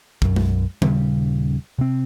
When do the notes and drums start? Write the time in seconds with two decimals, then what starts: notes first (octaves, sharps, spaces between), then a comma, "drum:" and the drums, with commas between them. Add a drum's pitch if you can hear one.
0.22 B1 F#2, drum: kick
0.36 drum: tom G#3
0.82 D#1 C#3 G3, drum: tom D#3
1.78 C3 C4